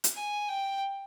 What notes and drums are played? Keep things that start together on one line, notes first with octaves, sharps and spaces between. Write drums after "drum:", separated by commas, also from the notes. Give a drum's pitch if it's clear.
drum: hi-hat
G#5
G5